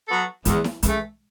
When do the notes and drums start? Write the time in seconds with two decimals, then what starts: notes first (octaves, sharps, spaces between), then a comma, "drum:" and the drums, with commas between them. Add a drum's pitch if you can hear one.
0.08 F#3 B3 F#4 A4
0.45 E2 G#3, drum: hi-hat
0.64 drum: snare E4
0.83 C#3 E3 G#3 A3, drum: hi-hat